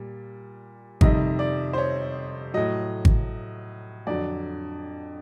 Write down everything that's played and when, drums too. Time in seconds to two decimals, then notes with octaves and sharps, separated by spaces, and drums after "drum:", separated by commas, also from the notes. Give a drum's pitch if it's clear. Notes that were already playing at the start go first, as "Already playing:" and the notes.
Already playing: A#2 G3
1.01 F2 C3 D#3 G3 D#5, drum: kick G#1
1.39 D5
1.73 C5
1.78 C#5
2.54 A2 F#3 D#5
3.05 drum: kick G#1
4.07 F2 D3 F#3 D5